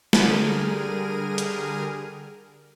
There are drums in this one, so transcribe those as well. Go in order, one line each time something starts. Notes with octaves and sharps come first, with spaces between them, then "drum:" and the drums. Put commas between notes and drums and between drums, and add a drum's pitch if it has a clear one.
D3 G3 G#4 A#4 F6 D#7, drum: snare
drum: hi-hat